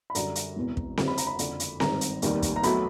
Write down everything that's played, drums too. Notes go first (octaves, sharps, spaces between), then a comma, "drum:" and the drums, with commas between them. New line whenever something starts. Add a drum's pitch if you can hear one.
B5
F#2 D3 G3 A#5, drum: hi-hat
drum: hi-hat
E1 E2 C3
drum: kick
F#1 F#2 D3, drum: snare C4
B5
A#5, drum: hi-hat
B5
F#1 F2 D3, drum: hi-hat
drum: hi-hat
G#1 G2 D#3 A#5, drum: snare C4
drum: hi-hat
F1 D#2 D#3 G3, drum: hi-hat
drum: kick, hi-hat
A#5
B1 B2 F#3 A3 B5, drum: hi-hat